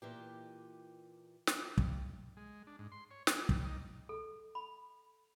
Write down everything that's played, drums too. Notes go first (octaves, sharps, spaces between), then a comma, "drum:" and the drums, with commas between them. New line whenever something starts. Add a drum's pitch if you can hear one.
A#2 E3 G4
drum: snare
G2, drum: kick
G#3
D4
G#2
C6
C#5
G#4, drum: snare
G3, drum: kick
D#4
A4
B5